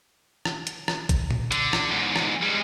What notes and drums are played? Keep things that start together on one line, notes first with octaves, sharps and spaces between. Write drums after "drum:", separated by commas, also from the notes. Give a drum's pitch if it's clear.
drum: rim click
drum: hi-hat
drum: rim click
drum: kick, hi-hat
drum: tom A#2
D3, drum: hi-hat
drum: rim click
E2 G#2
drum: rim click
G3 G#3